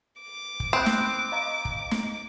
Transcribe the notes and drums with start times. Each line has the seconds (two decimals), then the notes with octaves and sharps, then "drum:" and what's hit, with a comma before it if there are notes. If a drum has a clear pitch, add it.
0.22 D6
0.60 drum: kick
0.73 C4 B5 D#6 F#6
0.86 drum: snare
1.32 D#5 F5 A#5
1.65 drum: kick
1.91 drum: snare